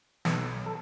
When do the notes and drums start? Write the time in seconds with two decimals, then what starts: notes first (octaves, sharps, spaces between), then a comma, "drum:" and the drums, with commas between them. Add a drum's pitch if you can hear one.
0.25 B1, drum: snare
0.66 A4